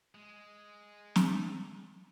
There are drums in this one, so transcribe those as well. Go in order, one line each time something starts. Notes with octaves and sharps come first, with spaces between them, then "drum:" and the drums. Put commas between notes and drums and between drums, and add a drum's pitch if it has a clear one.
G#3
A#3, drum: snare
A3